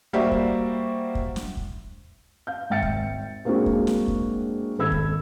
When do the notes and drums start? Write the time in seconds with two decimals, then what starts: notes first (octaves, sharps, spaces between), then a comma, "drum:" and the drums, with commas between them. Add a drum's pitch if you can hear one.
0.13 G3 A#3 F#4 C5 D5 E5
0.31 drum: kick
1.15 drum: kick
1.36 drum: snare
1.57 drum: kick
2.47 F5 G6
2.70 G#1 E5 G5 A6 C#7
2.82 drum: kick
3.45 G#3 A#3 C4 D4 F#4 G#4
3.66 drum: kick
3.87 drum: snare
4.08 drum: kick
4.78 G#1 D#3 A4 B5 E6 G#6
4.92 drum: kick